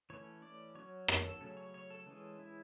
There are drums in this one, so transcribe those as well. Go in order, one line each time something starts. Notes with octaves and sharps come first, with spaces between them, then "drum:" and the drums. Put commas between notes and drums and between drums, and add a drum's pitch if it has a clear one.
E3 A3 C#4 C#5
D5
F#3 C#4 C#5
C#5, drum: rim click
A4
C#3 F#3 A3 C#4 A4
C#5
C#5
A4
E3 G#3 C#4
E4